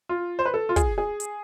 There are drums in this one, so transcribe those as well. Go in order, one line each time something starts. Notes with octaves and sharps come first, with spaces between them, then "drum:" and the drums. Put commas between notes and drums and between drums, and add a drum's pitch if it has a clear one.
F4
C5
B4
A4
F4
G#4, drum: kick, hi-hat
G#4
drum: hi-hat